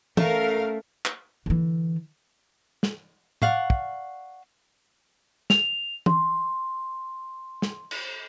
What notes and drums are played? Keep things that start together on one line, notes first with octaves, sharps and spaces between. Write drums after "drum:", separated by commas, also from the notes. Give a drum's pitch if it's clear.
A3 C#4 A#4 F5, drum: tom
drum: clap
D3 E3
drum: snare
D5 F5 F#5 C#6, drum: tom
drum: kick
F7, drum: snare
C6, drum: tom
drum: snare
drum: cymbal